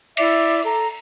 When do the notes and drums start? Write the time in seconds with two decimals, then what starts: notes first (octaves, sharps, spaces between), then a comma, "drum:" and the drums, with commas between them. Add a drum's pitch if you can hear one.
0.17 E4 D5 E5 D6, drum: cymbal
0.65 A4 A#5